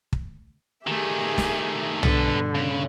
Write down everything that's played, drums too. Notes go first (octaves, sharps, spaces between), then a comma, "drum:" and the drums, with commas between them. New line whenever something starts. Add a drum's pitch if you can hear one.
drum: kick
D#3 A3 G4 G#4 E5
drum: snare
G2 B2 D3 A4 B4, drum: tom
C#3